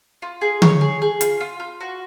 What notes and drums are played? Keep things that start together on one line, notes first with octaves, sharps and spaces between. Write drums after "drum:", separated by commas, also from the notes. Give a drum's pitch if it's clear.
F4
G#4
C#5, drum: tom D3
G#4
G#4
F4, drum: hi-hat
F4
F4
F#4